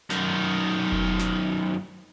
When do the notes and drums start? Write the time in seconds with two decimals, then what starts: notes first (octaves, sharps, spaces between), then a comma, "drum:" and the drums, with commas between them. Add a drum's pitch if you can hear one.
0.10 F#2 D#3, drum: snare
0.92 drum: kick F1
1.19 drum: snare